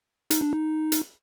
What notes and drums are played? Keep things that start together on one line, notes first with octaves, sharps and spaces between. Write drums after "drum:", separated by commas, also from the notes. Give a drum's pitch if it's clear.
D#4, drum: hi-hat
D4
D#4
drum: hi-hat